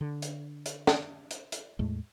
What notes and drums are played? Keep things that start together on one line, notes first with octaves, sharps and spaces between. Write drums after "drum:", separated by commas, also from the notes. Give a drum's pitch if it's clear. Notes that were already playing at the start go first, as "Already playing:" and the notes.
D3
drum: hi-hat
drum: hi-hat
drum: snare
drum: hi-hat
drum: hi-hat
E2 A2 G#3 A3